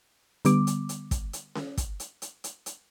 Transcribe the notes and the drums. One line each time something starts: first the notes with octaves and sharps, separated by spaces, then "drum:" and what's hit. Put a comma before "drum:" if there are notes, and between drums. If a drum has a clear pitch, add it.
D3 G3 B3 D6, drum: hi-hat
drum: hi-hat
drum: hi-hat
drum: kick, hi-hat
drum: hi-hat
drum: snare C#4
drum: kick, hi-hat
drum: hi-hat
drum: hi-hat
drum: hi-hat
drum: hi-hat